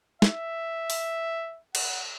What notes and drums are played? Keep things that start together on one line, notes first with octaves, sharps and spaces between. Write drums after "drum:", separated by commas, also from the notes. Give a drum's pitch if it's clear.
E5, drum: snare
drum: open hi-hat
F#5, drum: cymbal